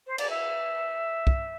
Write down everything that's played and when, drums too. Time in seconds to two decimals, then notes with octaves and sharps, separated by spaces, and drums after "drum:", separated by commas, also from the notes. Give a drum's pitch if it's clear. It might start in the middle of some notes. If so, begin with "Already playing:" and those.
0.07 C5
0.18 D5, drum: cymbal
0.29 E5
1.27 drum: kick